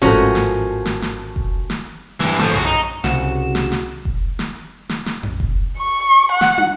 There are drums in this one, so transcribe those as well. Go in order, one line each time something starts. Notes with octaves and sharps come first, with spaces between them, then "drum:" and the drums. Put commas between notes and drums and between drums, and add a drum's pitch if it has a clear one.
G#1 A2 F3 A3 C#4 F#4 A#4
drum: snare
drum: snare
drum: snare
drum: kick F1
drum: snare
G2 E3, drum: snare
A2 F3, drum: snare
C#3 F#4, drum: tom F2
D#4
C2 C#3 F#4 E7, drum: snare
drum: snare
drum: snare
drum: kick F1
drum: snare
drum: snare
drum: snare
drum: tom F2
drum: kick F1
C#6
F#5
drum: snare
drum: tom